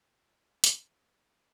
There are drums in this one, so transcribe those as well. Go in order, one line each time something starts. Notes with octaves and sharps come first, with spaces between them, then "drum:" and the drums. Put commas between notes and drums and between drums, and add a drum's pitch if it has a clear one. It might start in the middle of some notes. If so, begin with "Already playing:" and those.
F4
G4
A4, drum: hi-hat
C5